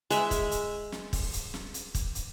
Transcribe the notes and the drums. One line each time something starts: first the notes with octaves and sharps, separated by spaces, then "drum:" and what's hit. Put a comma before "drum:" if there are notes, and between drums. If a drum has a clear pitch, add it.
G#3 E5, drum: hi-hat
drum: kick, hi-hat
drum: hi-hat
drum: snare
drum: kick, open hi-hat
drum: hi-hat
drum: snare
drum: hi-hat
drum: kick, hi-hat
drum: hi-hat